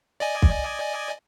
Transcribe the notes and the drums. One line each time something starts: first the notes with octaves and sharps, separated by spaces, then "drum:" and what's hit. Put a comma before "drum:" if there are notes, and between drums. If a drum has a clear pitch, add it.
D5 D#5 G#5
drum: kick